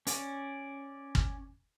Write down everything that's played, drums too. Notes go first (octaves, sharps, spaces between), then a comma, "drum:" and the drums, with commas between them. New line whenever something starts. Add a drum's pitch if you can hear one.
C#4 D5, drum: hi-hat
drum: kick